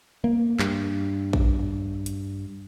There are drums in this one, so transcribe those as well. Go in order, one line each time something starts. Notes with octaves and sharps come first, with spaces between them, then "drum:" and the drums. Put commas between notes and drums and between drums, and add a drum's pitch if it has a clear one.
A#3
G2, drum: clap
drum: kick A1
drum: hi-hat